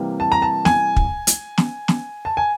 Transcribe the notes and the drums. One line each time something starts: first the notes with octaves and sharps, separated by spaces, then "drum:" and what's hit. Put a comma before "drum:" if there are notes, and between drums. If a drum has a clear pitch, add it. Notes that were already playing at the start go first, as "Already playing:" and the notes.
Already playing: C3 E3 G3 A#3
A5
A#5
A5
G#5, drum: snare
drum: kick
drum: hi-hat
drum: snare
drum: snare
A5
G#5